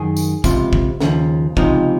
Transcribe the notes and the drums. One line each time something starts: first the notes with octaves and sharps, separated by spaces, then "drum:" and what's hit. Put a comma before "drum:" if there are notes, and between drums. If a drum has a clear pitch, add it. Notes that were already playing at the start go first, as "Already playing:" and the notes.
Already playing: F#2 D#3 G#4
drum: tambourine
C#2 C3 F3 F4, drum: kick, tambourine
drum: kick
D#2 C#3 F3, drum: snare
C#2 C3 F3 D#4, drum: kick